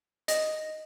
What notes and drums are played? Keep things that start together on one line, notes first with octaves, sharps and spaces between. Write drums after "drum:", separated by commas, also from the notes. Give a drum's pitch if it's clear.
D#5, drum: hi-hat